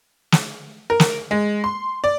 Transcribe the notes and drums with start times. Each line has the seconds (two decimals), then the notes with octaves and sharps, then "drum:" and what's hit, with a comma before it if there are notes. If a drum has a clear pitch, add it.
0.32 drum: snare
0.90 A#4
1.00 drum: snare
1.31 G#3
1.64 C6
2.04 D5